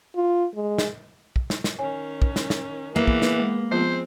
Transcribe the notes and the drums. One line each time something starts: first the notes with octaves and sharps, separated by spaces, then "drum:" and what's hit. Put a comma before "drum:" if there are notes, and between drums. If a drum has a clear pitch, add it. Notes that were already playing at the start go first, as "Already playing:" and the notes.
F4
G#3
drum: snare
drum: kick
drum: snare
drum: snare
D#3 C#4 C#5 G#5
drum: kick
drum: snare
drum: snare
E3 A#3 B3 G#4
drum: kick
drum: snare
G#3
F3 G#3 B3 C4 F4 C5